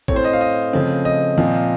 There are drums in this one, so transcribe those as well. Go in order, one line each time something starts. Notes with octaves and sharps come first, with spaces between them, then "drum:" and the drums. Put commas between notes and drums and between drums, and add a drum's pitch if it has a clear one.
A2 A3 C4 C#5, drum: kick G#1
C5
D#5
F5
D#5
C#3 F3 A3 C4
D#5
A#2 F3 C4, drum: tom D#3